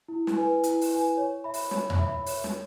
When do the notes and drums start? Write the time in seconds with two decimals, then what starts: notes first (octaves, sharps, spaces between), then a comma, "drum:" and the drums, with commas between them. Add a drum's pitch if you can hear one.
0.08 E4
0.27 drum: snare
0.37 B4 G#5
0.63 E4, drum: hi-hat
0.81 drum: open hi-hat
0.91 B4 G#5
1.17 C#5
1.44 E5 B5
1.54 drum: open hi-hat
1.71 C#5, drum: snare
1.90 drum: tom E2
1.99 E5 B5
2.26 C#5, drum: open hi-hat
2.44 drum: snare